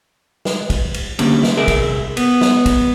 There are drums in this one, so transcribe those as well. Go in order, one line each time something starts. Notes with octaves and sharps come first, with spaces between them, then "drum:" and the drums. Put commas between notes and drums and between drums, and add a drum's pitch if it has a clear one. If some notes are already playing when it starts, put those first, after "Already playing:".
drum: snare
drum: kick, cymbal
drum: cymbal
D3 G3 A#3 C#4, drum: cymbal
drum: snare
C2 G#4 A#4 E5
drum: kick, cymbal
B3, drum: cymbal
drum: snare
drum: kick, cymbal